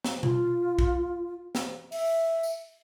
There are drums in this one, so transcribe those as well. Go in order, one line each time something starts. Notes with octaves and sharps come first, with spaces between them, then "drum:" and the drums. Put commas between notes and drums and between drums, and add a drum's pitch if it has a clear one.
drum: snare
F4, drum: tom B2
drum: kick B1
drum: snare
E5, drum: open hi-hat
drum: tambourine